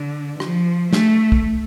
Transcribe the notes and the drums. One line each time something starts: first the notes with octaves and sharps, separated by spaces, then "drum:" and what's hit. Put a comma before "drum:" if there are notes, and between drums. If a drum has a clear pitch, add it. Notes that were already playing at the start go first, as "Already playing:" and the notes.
Already playing: D3
F3, drum: rim click
A3, drum: snare
drum: kick